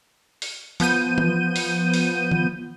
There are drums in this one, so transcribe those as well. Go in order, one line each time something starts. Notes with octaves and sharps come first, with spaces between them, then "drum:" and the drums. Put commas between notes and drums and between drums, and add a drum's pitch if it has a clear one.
drum: open hi-hat
F3 B3 G6 D#7, drum: open hi-hat
drum: tom E3
drum: open hi-hat
drum: open hi-hat
drum: tom D#3